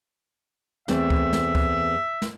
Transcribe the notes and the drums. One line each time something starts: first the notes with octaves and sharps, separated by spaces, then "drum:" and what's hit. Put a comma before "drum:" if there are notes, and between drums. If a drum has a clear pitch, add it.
E2 A3 C4 E5, drum: snare
drum: kick C#2
drum: snare
drum: kick C#2
drum: snare